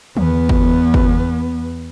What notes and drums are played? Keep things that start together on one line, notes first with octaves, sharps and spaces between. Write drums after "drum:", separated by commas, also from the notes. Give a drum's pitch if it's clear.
E2 B3, drum: tom
drum: kick
drum: kick